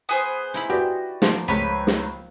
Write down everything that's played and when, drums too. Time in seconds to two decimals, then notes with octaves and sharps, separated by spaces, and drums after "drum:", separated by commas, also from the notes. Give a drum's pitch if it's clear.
0.09 B3 G#4 C5
0.54 D#4 E4 B5
0.70 F#4 G4 B4 D5
1.22 F3 A#3, drum: snare
1.48 C#2 G#3 B4 C#5 B5
1.87 drum: snare